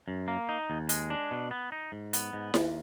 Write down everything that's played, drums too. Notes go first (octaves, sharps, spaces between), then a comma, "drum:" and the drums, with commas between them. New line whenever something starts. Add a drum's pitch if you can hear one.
F#2
A#3
D#4
D#2
G#3, drum: hi-hat
D4
B2
B3
D#4
G#2
B3, drum: hi-hat
G#2
D#2, drum: snare E4